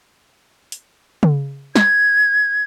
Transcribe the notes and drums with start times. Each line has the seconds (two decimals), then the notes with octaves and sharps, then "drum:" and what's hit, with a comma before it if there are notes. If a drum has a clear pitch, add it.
0.72 drum: hi-hat
1.23 drum: tom C#3
1.76 G#6, drum: snare